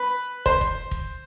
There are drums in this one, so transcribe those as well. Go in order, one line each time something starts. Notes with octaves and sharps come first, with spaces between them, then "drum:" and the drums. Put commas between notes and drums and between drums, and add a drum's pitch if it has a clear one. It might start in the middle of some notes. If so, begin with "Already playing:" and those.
Already playing: B4
C5, drum: kick
drum: kick
drum: kick